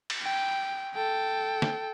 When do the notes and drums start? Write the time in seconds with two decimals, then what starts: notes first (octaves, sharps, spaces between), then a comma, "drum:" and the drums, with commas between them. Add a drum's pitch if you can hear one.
0.10 drum: cymbal
0.22 G5
0.94 A4 G5
1.62 drum: snare